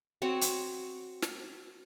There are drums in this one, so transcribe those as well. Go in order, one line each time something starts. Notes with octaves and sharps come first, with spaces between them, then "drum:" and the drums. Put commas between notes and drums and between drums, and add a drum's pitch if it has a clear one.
C4 F#4 C#5
drum: hi-hat
drum: snare